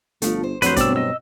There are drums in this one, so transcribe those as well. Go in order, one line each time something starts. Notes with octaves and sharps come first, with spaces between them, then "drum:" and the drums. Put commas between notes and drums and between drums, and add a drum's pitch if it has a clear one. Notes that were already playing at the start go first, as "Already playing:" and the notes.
G1 F3 A3, drum: hi-hat
C5
D1 F2 F#3 B4 C5 F#6, drum: hi-hat
G2 B2 C4 D5 E6, drum: kick A1, hi-hat
D#5 E6